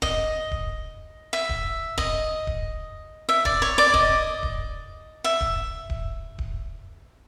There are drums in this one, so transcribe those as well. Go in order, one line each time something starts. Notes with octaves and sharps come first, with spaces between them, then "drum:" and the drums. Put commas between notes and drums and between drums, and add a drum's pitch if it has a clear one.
D#5, drum: kick D1
drum: kick D1
E5
drum: kick D1
D#5, drum: kick D1
drum: kick D1
E5
D5, drum: kick D1
C#5
D5
D#5, drum: kick D1
drum: kick D1
E5
drum: kick D1
drum: kick D1
drum: kick D1